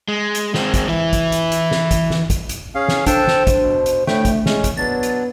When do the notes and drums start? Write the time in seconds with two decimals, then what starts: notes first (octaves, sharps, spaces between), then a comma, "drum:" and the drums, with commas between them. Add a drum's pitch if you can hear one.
0.08 G#3
0.35 drum: hi-hat
0.54 G#3 C4, drum: snare
0.74 drum: kick, hi-hat
0.88 E3 E4
1.13 drum: kick, hi-hat
1.32 drum: hi-hat
1.52 drum: hi-hat
1.71 drum: snare
1.91 drum: kick, hi-hat
2.10 drum: snare
2.30 drum: kick, hi-hat
2.49 drum: hi-hat
2.75 C#4 G#4 F5
2.88 drum: snare
3.07 D4 A4 C5 G5 A5, drum: kick, hi-hat
3.27 drum: snare
3.47 drum: kick, hi-hat
3.63 B2
3.86 drum: hi-hat
4.07 A2 D3 A3 G5, drum: snare
4.25 drum: kick, hi-hat
4.46 G#3 C#4, drum: snare
4.64 drum: kick, hi-hat
4.77 F#3 B3 D4 A6
5.03 drum: hi-hat